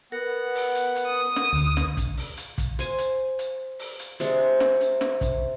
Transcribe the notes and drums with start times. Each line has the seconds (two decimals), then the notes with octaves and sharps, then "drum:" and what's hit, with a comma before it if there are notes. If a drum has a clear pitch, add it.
0.12 B3 A#4 F#5
0.55 drum: open hi-hat
0.76 drum: hi-hat
0.96 drum: hi-hat
1.08 D#6
1.36 drum: snare
1.53 D2
1.77 drum: snare
1.97 drum: kick, hi-hat
2.17 drum: open hi-hat
2.38 drum: hi-hat
2.58 drum: kick, hi-hat
2.79 C5 G#5, drum: hi-hat
2.98 drum: hi-hat
3.39 drum: hi-hat
3.79 drum: open hi-hat
4.00 drum: hi-hat
4.20 C3 G#3 D4, drum: hi-hat
4.60 drum: snare
4.81 drum: hi-hat
5.01 drum: snare
5.21 drum: kick, hi-hat